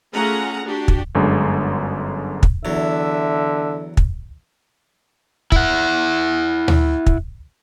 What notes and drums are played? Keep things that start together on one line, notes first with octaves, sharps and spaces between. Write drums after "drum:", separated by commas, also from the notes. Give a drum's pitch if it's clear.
A3 C#4 F4 G#4 F#5 A#5
D4 F#4 G4
drum: kick
G1 F#2 D3 G#3
drum: kick
E2 D3 F#3 E5
drum: kick
E4 F#5, drum: kick
drum: tom D2
drum: kick